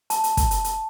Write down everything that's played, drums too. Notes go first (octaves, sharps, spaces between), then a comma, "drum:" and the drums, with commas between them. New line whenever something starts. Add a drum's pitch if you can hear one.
A5, drum: hi-hat
drum: hi-hat
drum: kick, hi-hat
drum: hi-hat
drum: hi-hat